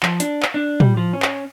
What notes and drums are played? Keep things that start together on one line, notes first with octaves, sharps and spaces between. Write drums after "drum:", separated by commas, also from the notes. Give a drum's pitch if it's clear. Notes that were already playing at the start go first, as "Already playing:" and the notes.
F3, drum: clap
D4, drum: hi-hat
drum: clap
D4
G3, drum: tom
F3
C#4
drum: clap